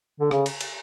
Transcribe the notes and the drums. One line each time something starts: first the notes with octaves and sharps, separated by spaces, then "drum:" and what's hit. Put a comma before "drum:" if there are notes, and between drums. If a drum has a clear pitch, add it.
D3
C#3, drum: rim click
drum: cymbal
drum: cymbal